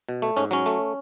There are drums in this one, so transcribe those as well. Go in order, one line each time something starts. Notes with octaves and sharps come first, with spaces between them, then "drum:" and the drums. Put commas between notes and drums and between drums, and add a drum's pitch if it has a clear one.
B2
A3
G#2 C#4, drum: hi-hat
F#3 C#4, drum: hi-hat
A3, drum: hi-hat